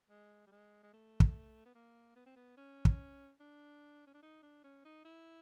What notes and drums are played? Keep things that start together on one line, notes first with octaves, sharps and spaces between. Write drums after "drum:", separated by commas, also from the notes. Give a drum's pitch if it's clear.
G#3
G3
G#3
G#3
A3
drum: kick
B3
A#3
B3
C4
B3
C#4
drum: kick
D4
C#4
D4
D#4
D4
C#4
D#4
E4